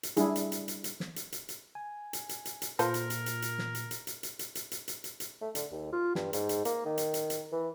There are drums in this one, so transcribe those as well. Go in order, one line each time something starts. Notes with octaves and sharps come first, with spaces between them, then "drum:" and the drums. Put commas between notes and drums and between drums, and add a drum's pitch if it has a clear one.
drum: hi-hat
G3 D4 E4 G#4, drum: hi-hat
drum: hi-hat
drum: hi-hat
drum: hi-hat
drum: hi-hat
drum: snare
drum: hi-hat
drum: hi-hat
drum: hi-hat
G#5
drum: hi-hat
drum: hi-hat
drum: hi-hat
drum: hi-hat
A#2 F4 A4 A#4 C5, drum: hi-hat
drum: hi-hat
drum: hi-hat
drum: hi-hat
drum: hi-hat
drum: snare
drum: hi-hat
drum: hi-hat
drum: hi-hat
drum: hi-hat
drum: hi-hat
drum: hi-hat
drum: hi-hat
drum: hi-hat
drum: hi-hat
drum: hi-hat
A3
D3, drum: hi-hat
D#2
F4
G2, drum: snare
G#2, drum: hi-hat
drum: hi-hat
A#3, drum: hi-hat
D#3
drum: hi-hat
drum: hi-hat
drum: hi-hat
E3